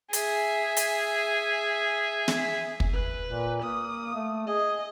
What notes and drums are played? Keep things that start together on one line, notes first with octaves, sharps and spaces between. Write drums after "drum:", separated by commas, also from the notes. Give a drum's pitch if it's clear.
G#4 E5, drum: hi-hat
drum: hi-hat
drum: snare
drum: kick
B4
A#2
A#3 D#6
A3
G#4 D#5